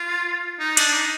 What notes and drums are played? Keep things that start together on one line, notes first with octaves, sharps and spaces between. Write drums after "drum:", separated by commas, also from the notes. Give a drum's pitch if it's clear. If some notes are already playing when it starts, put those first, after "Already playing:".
Already playing: F4
D#4
D4, drum: cymbal
D#4